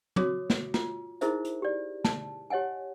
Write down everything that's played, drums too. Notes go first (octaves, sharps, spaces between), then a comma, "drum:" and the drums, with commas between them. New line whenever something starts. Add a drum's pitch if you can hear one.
F#4 C#5 D6 D#6, drum: tom
drum: snare
F4, drum: snare
D#4 E4 G#4 A#4 C5 E5, drum: hi-hat
drum: hi-hat
G4 D5
A5, drum: snare
G4 C#5 D#5 F#5 G#5